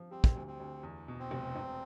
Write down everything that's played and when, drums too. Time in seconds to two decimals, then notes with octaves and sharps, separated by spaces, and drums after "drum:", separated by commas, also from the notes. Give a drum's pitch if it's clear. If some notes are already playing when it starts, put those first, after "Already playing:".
Already playing: F3
0.11 G3 C4
0.24 drum: kick
0.35 D2
0.47 C4
0.60 D2
0.83 E2
1.08 B2
1.19 C4
1.31 F1
1.56 E1